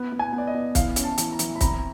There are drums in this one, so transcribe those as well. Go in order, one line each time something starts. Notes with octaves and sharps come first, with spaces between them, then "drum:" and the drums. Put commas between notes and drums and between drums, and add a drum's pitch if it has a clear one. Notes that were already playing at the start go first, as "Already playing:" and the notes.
Already playing: B3
B3
G#5
B3
D5
D#5
B3
E3 F5, drum: kick, hi-hat
C#4, drum: hi-hat
A5
E3, drum: hi-hat
A#5
E3, drum: hi-hat
B5
C4 A#5, drum: kick, hi-hat